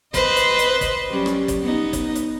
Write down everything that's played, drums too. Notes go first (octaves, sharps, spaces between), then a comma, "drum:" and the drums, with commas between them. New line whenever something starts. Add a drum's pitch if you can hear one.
B4 C5 D#5, drum: kick, hi-hat
drum: hi-hat
drum: hi-hat
drum: kick, hi-hat
F#3 G3 C#4
drum: rim click
drum: kick, hi-hat
B3 D#4
drum: kick, hi-hat
drum: hi-hat